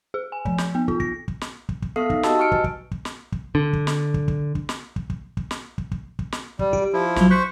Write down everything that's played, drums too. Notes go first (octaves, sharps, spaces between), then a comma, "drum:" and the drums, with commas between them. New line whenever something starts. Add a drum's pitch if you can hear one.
G#4
G#5
F3, drum: kick
G6, drum: snare
B3
F4, drum: kick
A#6, drum: kick
drum: kick
drum: snare
drum: kick
drum: kick
B3 A4 E5 F5 D#6 C7
D#4, drum: kick
F#4 G4 D#5 A5 E6, drum: snare
G5 C#6 F6 C#7 D7
B4 D#5 G#5, drum: kick
drum: kick
drum: kick
drum: snare
drum: kick
D3
drum: kick
drum: snare
drum: kick
drum: kick
drum: kick
drum: snare
drum: kick
drum: kick
drum: kick
drum: snare
drum: kick
drum: kick
drum: kick
drum: snare
G3, drum: kick
G4, drum: kick
F3 E4
A#1 F#3, drum: snare
C5 C#6 F#6 B6